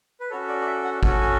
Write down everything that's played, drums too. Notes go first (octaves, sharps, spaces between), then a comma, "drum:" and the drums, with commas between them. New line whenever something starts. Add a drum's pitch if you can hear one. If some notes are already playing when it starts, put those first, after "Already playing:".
B4
C#4 F#4 A4 C#5
D5
D5
E5
F#5
C#4 F#4 A4 G#5, drum: kick G#1
G#5